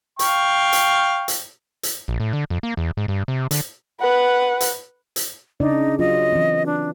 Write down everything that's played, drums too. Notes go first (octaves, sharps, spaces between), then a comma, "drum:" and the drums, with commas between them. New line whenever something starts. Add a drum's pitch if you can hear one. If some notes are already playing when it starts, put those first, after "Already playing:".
F5 G5 C#6, drum: hi-hat
drum: hi-hat
drum: hi-hat
drum: hi-hat
A#1
A2
D3
F2
A#3
E2
G#2
G2
C3
D3, drum: hi-hat
B4 F#5
drum: hi-hat
drum: hi-hat
C#3 D4 D#4 D5
F#3 F4 D#5
E3 C4
D4